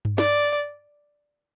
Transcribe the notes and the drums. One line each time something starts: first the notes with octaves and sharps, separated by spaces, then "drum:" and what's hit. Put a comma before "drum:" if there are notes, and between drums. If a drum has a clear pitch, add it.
drum: tom G2
D5, drum: snare